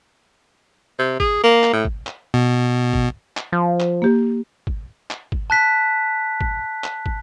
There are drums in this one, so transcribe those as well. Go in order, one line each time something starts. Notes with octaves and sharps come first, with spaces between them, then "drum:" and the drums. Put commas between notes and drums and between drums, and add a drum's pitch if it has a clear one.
C3
G#4, drum: kick
A#3
drum: clap
A2
drum: kick
drum: clap
B2
drum: kick
drum: clap
F3
drum: clap
A#3 G4
drum: kick
drum: clap
drum: kick
A5 F#6 B6
drum: kick
drum: clap
drum: kick